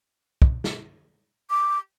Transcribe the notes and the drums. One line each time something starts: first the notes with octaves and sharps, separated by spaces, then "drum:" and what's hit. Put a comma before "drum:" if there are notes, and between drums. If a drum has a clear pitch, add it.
drum: kick
drum: snare
D6